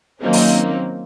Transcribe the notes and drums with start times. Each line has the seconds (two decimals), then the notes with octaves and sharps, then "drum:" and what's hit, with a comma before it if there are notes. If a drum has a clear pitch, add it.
0.21 D#3 F#3 A#3 C4 C#4 D#4
0.33 drum: open hi-hat